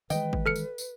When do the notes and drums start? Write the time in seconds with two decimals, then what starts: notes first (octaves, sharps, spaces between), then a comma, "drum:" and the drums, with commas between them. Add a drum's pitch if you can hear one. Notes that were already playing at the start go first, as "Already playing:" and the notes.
0.10 D#3 E3 G#3 B4 D#5 G5, drum: tambourine
0.33 drum: kick
0.46 A4 F6 C#7
0.56 drum: tambourine
0.78 drum: tambourine